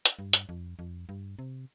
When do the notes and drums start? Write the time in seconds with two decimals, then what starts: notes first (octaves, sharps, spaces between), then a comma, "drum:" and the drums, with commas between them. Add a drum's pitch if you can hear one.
0.05 drum: hi-hat
0.19 G2
0.33 drum: hi-hat
0.49 F2
0.79 F2
1.09 G2
1.39 C3